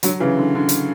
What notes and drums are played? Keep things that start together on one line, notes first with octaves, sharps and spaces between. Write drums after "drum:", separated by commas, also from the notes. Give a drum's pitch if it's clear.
D3 F#3, drum: hi-hat
C#3 E3
D3
D3
drum: hi-hat